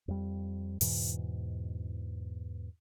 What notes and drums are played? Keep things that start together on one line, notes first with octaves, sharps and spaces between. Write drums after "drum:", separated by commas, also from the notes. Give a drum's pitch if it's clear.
F2 G3
E2 G#2 B2 E3, drum: open hi-hat